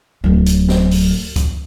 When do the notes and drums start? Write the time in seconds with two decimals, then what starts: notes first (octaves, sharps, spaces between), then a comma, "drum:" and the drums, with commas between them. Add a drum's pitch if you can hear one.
0.24 D1 F#3
0.46 drum: hi-hat
0.69 drum: snare
0.91 drum: open hi-hat
1.36 drum: kick C#2, hi-hat